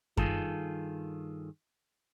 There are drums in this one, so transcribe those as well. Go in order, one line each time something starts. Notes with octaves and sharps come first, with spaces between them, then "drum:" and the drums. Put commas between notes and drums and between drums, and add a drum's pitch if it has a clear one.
G2 D#3 F4 G#4 A4, drum: kick F#2